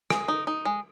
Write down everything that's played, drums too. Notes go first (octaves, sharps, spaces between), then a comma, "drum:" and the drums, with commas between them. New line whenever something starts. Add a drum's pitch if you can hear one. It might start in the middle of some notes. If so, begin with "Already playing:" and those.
G#3, drum: rim click
D#4
D#4
G#3